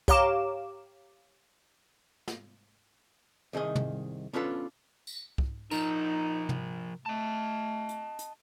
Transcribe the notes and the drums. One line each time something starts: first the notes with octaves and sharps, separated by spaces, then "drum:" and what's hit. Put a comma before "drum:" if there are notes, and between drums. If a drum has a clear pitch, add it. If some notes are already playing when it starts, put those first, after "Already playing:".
G4 C#5 F5 A#5 D6 E7, drum: kick C2
drum: snare
C2 D#3 G#4 D#5
drum: tom
B3 C#4 D4 F4 A4 B4
drum: tambourine
drum: kick C2
F3 D#4 A#4, drum: tambourine
drum: tom
A3 D#5 A5
drum: hi-hat
drum: hi-hat